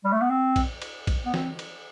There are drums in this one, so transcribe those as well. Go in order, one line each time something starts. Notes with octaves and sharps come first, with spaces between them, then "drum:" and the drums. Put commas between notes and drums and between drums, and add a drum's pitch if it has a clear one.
G3
A3
B3
C4
drum: kick, cymbal
drum: cymbal
drum: kick, cymbal
B3
C4, drum: snare
drum: cymbal